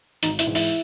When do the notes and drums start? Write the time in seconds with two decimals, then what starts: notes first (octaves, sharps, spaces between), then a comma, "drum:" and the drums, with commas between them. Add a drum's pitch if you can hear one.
0.23 G#1 D#4, drum: hi-hat
0.39 E4, drum: hi-hat
0.47 G#2 E3
0.55 E4, drum: open hi-hat